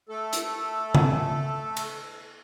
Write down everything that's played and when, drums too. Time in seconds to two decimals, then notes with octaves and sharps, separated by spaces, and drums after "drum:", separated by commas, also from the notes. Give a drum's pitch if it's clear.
0.09 A3 A4
0.33 drum: hi-hat
0.95 drum: tom C#3
1.77 drum: cymbal